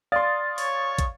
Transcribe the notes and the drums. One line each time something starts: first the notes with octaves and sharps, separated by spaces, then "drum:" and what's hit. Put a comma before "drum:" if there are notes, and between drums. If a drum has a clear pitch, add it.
D5 F5 C6 D#6 A6
C#5, drum: open hi-hat
drum: kick, hi-hat